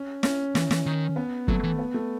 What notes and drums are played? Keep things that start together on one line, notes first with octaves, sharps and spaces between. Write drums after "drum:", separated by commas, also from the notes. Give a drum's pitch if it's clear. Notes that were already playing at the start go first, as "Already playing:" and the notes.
Already playing: C#4
C#4, drum: snare
E3, drum: snare
E3, drum: snare
D#3
B3
F#3 A3, drum: kick
E3
B3
A3